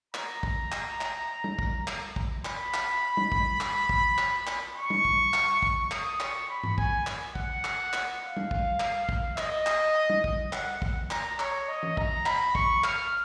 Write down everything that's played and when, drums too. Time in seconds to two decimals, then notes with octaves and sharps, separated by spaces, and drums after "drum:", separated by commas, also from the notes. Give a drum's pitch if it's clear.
0.14 A#5, drum: clap
0.43 drum: kick
0.72 drum: clap
1.01 drum: clap
1.44 drum: tom G3
1.59 drum: kick
1.87 drum: clap
2.16 drum: kick
2.45 B5, drum: clap
2.74 drum: clap
3.17 drum: tom G3
3.32 drum: kick
3.61 drum: clap
3.89 drum: kick
4.18 drum: clap
4.47 drum: clap
4.76 C#6
4.90 drum: tom G3
5.05 drum: kick
5.34 drum: clap
5.62 drum: kick
5.91 D#6, drum: clap
6.20 C#6, drum: clap
6.49 B5
6.63 drum: tom G#2
6.78 G#5, drum: kick
7.07 drum: clap
7.35 F#5, drum: kick
7.64 drum: clap
7.93 drum: clap
8.22 F5
8.37 drum: tom G3
8.51 drum: kick
8.80 drum: clap
9.09 drum: kick
9.38 D#5, drum: clap
9.66 drum: clap
10.10 drum: tom G3
10.24 drum: kick
10.53 F#5, drum: clap
10.82 drum: kick
11.11 A#5, drum: clap
11.40 C#5, drum: clap
11.68 D#5
11.83 drum: tom
11.97 A#5, drum: kick
12.26 B5, drum: clap
12.55 C#6, drum: kick
12.84 F6, drum: clap